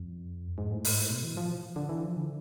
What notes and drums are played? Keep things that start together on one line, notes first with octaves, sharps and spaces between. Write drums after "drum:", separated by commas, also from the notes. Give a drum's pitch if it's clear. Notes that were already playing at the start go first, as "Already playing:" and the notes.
Already playing: F2
G#2
A2
G#2, drum: open hi-hat
A2
B2
E3
F3
D3
E3
F3
D3